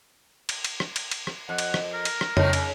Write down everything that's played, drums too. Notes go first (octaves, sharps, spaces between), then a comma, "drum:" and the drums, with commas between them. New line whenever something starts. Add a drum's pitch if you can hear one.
drum: cymbal
drum: cymbal
drum: rim click
drum: cymbal
drum: cymbal
drum: rim click
F2 F#5
drum: cymbal
drum: rim click
A#4
drum: cymbal
drum: rim click
A2 D#3 F3 C#5, drum: tom
C#3, drum: cymbal